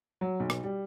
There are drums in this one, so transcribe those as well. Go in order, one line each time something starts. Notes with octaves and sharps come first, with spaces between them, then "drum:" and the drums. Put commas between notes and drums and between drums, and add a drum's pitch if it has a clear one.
F#3
B1
drum: rim click
G3